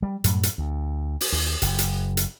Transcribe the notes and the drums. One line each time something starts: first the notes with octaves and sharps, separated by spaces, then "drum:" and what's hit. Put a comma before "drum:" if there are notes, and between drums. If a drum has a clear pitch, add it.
G3
F#2 A2 F#3 G3, drum: hi-hat
drum: hi-hat
D2
drum: open hi-hat
D#2
F#1, drum: hi-hat
drum: hi-hat
drum: hi-hat